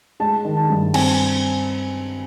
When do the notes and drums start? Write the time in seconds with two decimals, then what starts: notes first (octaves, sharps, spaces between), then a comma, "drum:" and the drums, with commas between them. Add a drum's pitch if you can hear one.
0.20 G#3 A5
0.45 D#3
0.57 A5
0.70 G2
0.94 C4 G#5, drum: cymbal